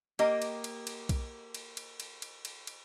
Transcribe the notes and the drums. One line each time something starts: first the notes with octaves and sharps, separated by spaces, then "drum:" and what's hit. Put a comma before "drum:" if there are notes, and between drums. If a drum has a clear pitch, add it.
A#3 G4 D#5, drum: cymbal
drum: cymbal
drum: cymbal
drum: cymbal
drum: kick B1, cymbal
drum: cymbal
drum: cymbal
drum: cymbal
drum: cymbal
drum: cymbal
drum: cymbal